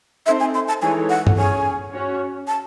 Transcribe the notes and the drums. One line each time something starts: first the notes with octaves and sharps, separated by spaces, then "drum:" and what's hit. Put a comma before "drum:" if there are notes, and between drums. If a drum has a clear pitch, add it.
C4 D#4 A4 C5 E5
G#5
C6
A5
E3 G#3 D#4 A4 C#5 G#5
F#5
drum: tom G2
C#4 G#4 C#5 G#5
C#4 F#4 C#5
A5